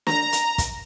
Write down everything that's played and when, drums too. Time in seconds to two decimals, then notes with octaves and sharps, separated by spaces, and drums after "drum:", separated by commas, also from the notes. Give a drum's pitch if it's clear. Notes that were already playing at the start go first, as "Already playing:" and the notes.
0.07 A#5, drum: snare
0.32 drum: hi-hat
0.58 drum: kick, hi-hat